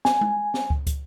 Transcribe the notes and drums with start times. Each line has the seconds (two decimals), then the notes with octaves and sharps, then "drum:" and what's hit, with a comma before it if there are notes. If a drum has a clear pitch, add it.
0.05 G#5, drum: snare
0.21 drum: tom G#3
0.54 drum: snare
0.70 drum: kick
0.87 drum: kick, hi-hat